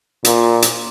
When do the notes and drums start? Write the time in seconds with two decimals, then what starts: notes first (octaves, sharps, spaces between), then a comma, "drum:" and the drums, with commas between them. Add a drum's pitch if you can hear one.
0.25 A#2, drum: hi-hat
0.62 drum: hi-hat